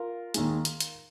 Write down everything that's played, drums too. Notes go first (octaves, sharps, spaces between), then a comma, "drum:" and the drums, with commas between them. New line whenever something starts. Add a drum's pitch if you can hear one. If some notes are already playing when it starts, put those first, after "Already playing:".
Already playing: F4 A#4
D#2 D#3 G#3, drum: hi-hat
drum: hi-hat
drum: hi-hat